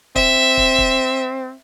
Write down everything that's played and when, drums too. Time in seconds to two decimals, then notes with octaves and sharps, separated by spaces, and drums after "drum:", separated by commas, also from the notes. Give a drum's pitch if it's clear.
0.15 C4 E5, drum: kick
0.57 drum: kick
0.78 drum: kick